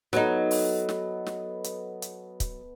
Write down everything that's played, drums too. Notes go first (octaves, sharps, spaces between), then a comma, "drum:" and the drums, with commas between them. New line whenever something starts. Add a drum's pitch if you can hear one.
F#3 B3 D#4 A4 D#5, drum: snare
drum: open hi-hat
drum: snare
drum: snare
drum: hi-hat
drum: hi-hat
drum: kick, hi-hat